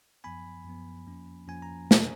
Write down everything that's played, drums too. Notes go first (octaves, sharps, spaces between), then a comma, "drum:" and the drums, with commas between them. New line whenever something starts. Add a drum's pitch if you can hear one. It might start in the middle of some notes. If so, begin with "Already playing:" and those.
F#2 F3 B3 G#5 B5
F#2 F3 B3
F2 F3 A#3 C#4
F2 F3 A#3 C#4 G#5
A#5
drum: snare